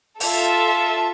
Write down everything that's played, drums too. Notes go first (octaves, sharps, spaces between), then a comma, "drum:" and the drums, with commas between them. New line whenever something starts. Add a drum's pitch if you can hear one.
F4 A4 E5 A5, drum: open hi-hat